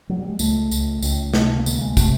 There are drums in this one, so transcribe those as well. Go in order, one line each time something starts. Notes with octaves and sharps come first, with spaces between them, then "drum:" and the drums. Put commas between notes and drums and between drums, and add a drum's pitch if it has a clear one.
F#3
G3
G#3
C#2 A3, drum: tambourine
C#2, drum: tambourine
C#2, drum: tambourine
C3 A3, drum: snare
A#3
D2, drum: tambourine
G#3
C3 A3, drum: kick, tambourine